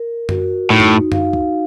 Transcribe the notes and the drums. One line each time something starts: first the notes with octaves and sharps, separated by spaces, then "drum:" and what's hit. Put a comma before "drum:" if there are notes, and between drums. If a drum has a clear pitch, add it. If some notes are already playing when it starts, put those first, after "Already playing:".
Already playing: A#4
F#4, drum: tom F#2
A2 D#4
drum: tom F#2
F5, drum: tom F#2
drum: kick